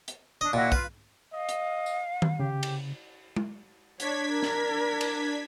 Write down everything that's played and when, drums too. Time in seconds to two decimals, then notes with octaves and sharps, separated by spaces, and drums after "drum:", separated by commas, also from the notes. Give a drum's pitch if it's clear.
0.08 drum: hi-hat
0.41 D4 D#5
0.53 A#2 E4 F#4 D#5
0.72 F4 B4, drum: kick
1.33 D#5 F5
1.49 drum: hi-hat
1.86 drum: tambourine
2.22 drum: tom D#3
2.39 C#3 G4
2.63 drum: cymbal
3.36 drum: tom G#3
4.00 D4 C#5 G#6 B6, drum: hi-hat
4.32 A#4
4.42 drum: snare
5.01 drum: cymbal